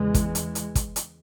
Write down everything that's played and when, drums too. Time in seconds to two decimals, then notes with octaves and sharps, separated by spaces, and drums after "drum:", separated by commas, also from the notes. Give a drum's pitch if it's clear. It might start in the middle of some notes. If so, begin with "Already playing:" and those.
Already playing: E2 C#3 E3 G#3
0.15 drum: kick, hi-hat
0.35 drum: hi-hat
0.55 drum: hi-hat
0.75 drum: kick, hi-hat
0.96 drum: hi-hat